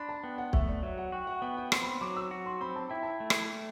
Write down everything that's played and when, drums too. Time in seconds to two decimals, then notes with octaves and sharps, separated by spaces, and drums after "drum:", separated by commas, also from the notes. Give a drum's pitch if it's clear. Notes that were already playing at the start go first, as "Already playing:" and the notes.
Already playing: D4 B5 C6
0.09 A5
0.23 B3 G5
0.38 F#5
0.53 A3 E5, drum: kick
0.68 D5
0.83 F#3 E5
0.98 F#5
1.12 F#4 G5
1.27 F#5
1.42 B3 G5
1.57 G5
1.72 C4 C6, drum: rim click
1.82 B5
1.87 C6
2.01 F#3 D6
2.16 E6
2.31 F#4
2.46 C6
2.61 C4 B5
2.76 A5
2.90 E4 G5
3.03 A5
3.20 A3
3.30 drum: rim click